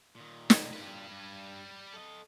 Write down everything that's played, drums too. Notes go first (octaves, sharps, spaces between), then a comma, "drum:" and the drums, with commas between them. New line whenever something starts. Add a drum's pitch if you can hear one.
A#2 D#3
B2 F#3, drum: snare
G2 A#2 G3 B4
G2
A4 D#5